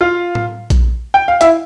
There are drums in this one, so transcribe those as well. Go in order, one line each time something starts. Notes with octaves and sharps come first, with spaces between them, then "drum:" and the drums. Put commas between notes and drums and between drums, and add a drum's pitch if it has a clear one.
F4 F5
drum: tom A2
drum: kick A#1, hi-hat
G5
F5
E4 E5, drum: hi-hat